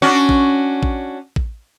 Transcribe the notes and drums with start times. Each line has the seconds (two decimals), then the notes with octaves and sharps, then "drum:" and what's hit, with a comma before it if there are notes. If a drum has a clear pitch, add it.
0.02 C#4 D4 F#4
0.29 drum: kick A1
0.83 drum: kick A1
1.36 drum: kick A1